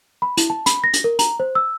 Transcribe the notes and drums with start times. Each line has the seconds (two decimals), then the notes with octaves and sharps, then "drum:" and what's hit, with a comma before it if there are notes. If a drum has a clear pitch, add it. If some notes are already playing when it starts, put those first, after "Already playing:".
0.22 B5
0.37 E4, drum: hi-hat
0.50 A5
0.66 B5, drum: hi-hat
0.84 A#6
0.94 drum: hi-hat
1.04 A#4
1.19 A#5, drum: hi-hat
1.40 C5
1.55 E6